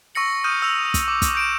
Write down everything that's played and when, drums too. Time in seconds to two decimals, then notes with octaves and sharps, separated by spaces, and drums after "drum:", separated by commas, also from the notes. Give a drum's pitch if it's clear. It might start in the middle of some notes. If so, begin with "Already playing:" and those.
0.15 C#6 E6 A#6 C#7 F#7
0.44 D#6 F6 G6 D#7
0.62 E6 F7
0.94 drum: kick, hi-hat
1.08 D6
1.22 drum: kick, hi-hat
1.35 G6 D7 E7